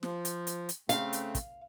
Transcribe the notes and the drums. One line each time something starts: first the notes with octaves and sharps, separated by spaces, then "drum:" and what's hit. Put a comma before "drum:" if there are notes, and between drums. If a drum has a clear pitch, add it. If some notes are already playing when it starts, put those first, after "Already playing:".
F3, drum: snare
drum: hi-hat
drum: hi-hat
drum: hi-hat
C#3 A3 C4 F5, drum: hi-hat
drum: hi-hat
drum: kick, hi-hat